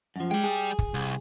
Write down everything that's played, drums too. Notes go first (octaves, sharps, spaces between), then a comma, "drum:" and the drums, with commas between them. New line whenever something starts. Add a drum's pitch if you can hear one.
F#2 F3
G3 G#3 G5
G#4
drum: kick
C2